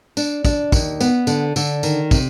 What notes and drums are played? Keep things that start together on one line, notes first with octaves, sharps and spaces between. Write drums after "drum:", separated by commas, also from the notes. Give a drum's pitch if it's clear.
D4, drum: tambourine
D4, drum: kick, tambourine
D#2, drum: kick, tambourine
B3, drum: tambourine
D3, drum: tambourine
D3, drum: tambourine
D#3, drum: tambourine
C3, drum: kick, tambourine